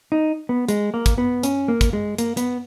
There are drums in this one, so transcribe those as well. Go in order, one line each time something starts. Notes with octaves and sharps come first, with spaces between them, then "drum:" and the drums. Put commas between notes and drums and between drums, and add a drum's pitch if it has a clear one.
D#4
B3
G#3, drum: hi-hat
A#3
drum: kick, hi-hat
B3
C#4, drum: hi-hat
A#3
drum: kick, hi-hat
G#3
A#3, drum: hi-hat
B3, drum: hi-hat